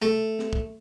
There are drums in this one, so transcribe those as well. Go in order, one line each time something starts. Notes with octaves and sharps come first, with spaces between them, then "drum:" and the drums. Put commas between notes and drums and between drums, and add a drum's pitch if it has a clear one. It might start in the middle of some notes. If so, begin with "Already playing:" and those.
A3
drum: snare
drum: kick